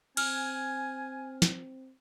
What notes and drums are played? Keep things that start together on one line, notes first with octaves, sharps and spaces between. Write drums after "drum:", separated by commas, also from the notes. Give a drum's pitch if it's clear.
C4 G#5 F6, drum: cymbal
drum: snare